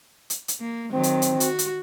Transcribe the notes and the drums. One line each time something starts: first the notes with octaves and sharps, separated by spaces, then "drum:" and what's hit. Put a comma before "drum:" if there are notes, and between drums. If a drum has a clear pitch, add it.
drum: hi-hat
drum: hi-hat
A#3
D#3 F#3 C4
drum: hi-hat
drum: hi-hat
F#4, drum: hi-hat
drum: hi-hat